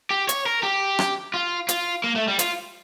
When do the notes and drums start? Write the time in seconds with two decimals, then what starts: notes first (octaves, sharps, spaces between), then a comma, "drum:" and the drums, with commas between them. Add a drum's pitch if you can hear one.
0.10 G4
0.29 C#5, drum: hi-hat
0.46 A#4
0.63 G4
0.99 drum: rim click
1.34 F4
1.69 F4, drum: hi-hat
2.04 A#3
2.16 A3
2.28 G3
2.39 F4, drum: hi-hat